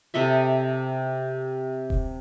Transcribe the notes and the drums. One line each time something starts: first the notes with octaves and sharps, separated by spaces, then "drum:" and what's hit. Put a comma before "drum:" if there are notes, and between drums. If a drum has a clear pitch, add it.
C3 A4 D#5 E5
drum: kick D#1